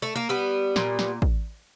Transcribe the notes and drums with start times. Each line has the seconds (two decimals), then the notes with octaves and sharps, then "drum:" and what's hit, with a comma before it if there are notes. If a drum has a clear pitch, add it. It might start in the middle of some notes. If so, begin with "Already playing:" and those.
0.02 A3
0.16 A#3
0.29 G3 B3
0.76 A#2, drum: snare
0.99 drum: snare
1.22 drum: kick A1